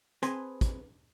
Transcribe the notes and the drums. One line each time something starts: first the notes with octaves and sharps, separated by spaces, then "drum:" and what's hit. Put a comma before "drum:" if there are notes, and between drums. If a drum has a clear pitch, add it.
C4 G#4 B4 G#5 A5 C6, drum: hi-hat
drum: kick, hi-hat